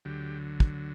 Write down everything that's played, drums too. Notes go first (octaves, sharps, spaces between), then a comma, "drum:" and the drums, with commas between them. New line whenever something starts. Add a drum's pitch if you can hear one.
D2 D3 F#3 G4
drum: kick